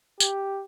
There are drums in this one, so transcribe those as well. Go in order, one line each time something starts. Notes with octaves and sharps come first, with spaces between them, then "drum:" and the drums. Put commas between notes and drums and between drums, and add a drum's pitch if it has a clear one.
G4, drum: tambourine